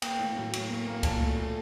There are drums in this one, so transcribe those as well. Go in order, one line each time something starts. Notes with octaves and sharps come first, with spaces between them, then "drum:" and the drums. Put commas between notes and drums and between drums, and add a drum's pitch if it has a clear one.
A#3 G5, drum: cymbal
A2
F#3
A2, drum: cymbal
A#3
A#3
A#2 A5, drum: kick C#2, cymbal
A3
A3